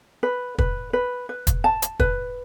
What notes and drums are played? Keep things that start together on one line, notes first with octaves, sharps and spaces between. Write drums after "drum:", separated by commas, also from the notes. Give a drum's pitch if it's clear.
B4
B4, drum: kick
B4
B4
drum: kick, hi-hat
A5
drum: hi-hat
B4, drum: kick